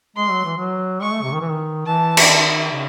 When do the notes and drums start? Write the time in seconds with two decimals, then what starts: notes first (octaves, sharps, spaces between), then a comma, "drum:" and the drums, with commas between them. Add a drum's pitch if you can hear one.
0.16 G#3 C6
0.30 F#3
0.45 E3
0.57 F#3
1.01 G#3 C#6
1.12 A3
1.22 C3
1.33 D#3
1.40 E3
1.49 D#3
1.86 E3 A5
2.17 drum: cymbal
2.29 D#3
2.71 C#3